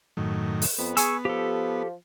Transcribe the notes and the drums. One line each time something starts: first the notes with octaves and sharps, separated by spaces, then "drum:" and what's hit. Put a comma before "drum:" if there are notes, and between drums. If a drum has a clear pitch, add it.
F#2 A2 D#3
drum: open hi-hat
F2 B3
G#4 G#5 C#6 E6, drum: hi-hat
F3 G4 A4